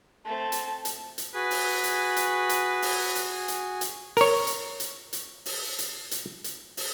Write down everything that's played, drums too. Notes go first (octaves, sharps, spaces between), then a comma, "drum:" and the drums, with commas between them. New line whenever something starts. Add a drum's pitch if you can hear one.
A3 C4 A5
drum: hi-hat
drum: hi-hat
drum: hi-hat
F#4 G#4 B4 G#5
drum: open hi-hat
drum: hi-hat
drum: hi-hat
drum: hi-hat
drum: open hi-hat
drum: hi-hat
drum: hi-hat
drum: hi-hat
A#4 C#5, drum: open hi-hat
drum: hi-hat
drum: hi-hat
drum: hi-hat
drum: open hi-hat
drum: hi-hat
drum: hi-hat
drum: hi-hat
drum: open hi-hat